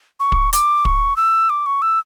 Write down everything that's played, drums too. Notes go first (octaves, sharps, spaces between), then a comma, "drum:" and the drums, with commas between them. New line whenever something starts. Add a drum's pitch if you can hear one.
C#6
drum: kick
D6, drum: hi-hat
C#6, drum: kick
E6
D6
C#6
E6